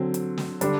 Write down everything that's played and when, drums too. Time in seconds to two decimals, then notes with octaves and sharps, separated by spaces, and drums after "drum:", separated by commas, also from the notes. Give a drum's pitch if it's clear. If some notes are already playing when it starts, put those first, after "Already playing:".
Already playing: D3 F#3 C4
0.14 drum: hi-hat
0.38 drum: snare
0.61 D3 G3 D4, drum: hi-hat